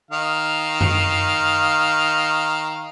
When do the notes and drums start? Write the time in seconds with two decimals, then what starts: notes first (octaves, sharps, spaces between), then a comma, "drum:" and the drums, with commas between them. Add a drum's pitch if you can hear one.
0.11 D#3 F5
0.81 drum: tom F#2